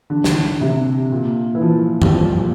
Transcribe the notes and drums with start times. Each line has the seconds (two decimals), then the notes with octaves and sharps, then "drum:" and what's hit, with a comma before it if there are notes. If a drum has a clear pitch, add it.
0.10 D3
0.24 drum: snare
0.61 C3
1.12 A#2
1.55 E3
1.62 F3
2.02 G3, drum: tom F#2
2.13 F3
2.38 A#2